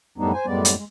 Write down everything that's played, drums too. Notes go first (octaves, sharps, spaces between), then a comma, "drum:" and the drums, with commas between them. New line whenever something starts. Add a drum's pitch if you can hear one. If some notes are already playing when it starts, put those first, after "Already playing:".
F#2 A2 G3 B3 D4 D#4
C5 G#5
F#2 A2 G3 G#3 B3 D5
drum: hi-hat
G#3